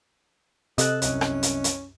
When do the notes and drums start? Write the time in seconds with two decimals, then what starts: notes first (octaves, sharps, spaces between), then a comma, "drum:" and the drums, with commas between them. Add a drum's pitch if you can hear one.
0.78 C3 A4 D#5 F#6, drum: hi-hat
1.02 C2 F#2 C#4, drum: hi-hat
1.21 drum: rim click
1.43 drum: hi-hat
1.64 drum: hi-hat